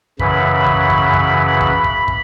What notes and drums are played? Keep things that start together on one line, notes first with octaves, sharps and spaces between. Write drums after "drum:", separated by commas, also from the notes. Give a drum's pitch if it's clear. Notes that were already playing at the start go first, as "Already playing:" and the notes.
F#2 C#3 E3 B5, drum: kick
drum: kick
drum: kick
drum: kick
drum: kick
drum: kick
drum: kick